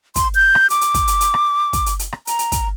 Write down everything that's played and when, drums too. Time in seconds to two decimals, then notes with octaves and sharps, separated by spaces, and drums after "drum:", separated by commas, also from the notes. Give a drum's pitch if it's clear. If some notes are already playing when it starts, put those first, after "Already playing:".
0.16 C6, drum: kick, hi-hat
0.35 G6
0.55 drum: rim click
0.70 D6, drum: hi-hat
0.81 drum: hi-hat
0.94 drum: kick, hi-hat
1.07 drum: hi-hat
1.21 drum: hi-hat
1.34 drum: rim click
1.73 drum: kick, hi-hat
1.86 drum: hi-hat
1.99 drum: hi-hat
2.12 drum: rim click
2.27 A#5, drum: hi-hat
2.39 drum: hi-hat
2.52 drum: kick, hi-hat